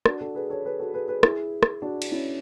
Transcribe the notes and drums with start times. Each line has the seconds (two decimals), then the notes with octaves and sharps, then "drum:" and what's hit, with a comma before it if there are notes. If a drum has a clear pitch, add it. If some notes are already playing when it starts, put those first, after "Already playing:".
0.06 D4 F#4, drum: rim click
0.21 F#4 A4
0.35 G#4 B4
0.49 A4 C#5
0.65 G#4 B4
0.79 F#4 A4
0.94 G#4 B4
1.08 G#4 B4
1.23 E4 G#4, drum: rim click
1.63 drum: rim click
1.82 D4 F#4
2.02 drum: cymbal
2.11 C#4 E4